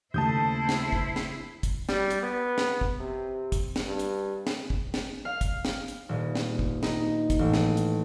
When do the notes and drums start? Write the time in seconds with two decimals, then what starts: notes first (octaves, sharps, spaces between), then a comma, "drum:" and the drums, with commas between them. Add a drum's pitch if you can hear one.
0.14 D#2 C#3 A3 E4 C5 A5 D#6 G6
0.69 drum: snare
0.92 drum: kick
1.16 drum: snare
1.63 drum: kick, hi-hat
1.89 G3, drum: snare
2.10 drum: hi-hat
2.23 B3
2.58 drum: snare
2.81 drum: kick
3.00 C3
3.52 drum: kick, hi-hat
3.76 drum: snare
3.85 G2
3.99 drum: hi-hat
4.47 drum: snare
4.70 drum: kick
4.94 drum: snare
5.25 F5
5.41 drum: kick, hi-hat
5.65 drum: snare
5.88 drum: hi-hat
6.09 D#1
6.35 drum: snare
6.59 drum: kick
6.83 D#4, drum: snare
7.30 drum: kick, hi-hat
7.39 A1
7.54 drum: snare
7.77 drum: hi-hat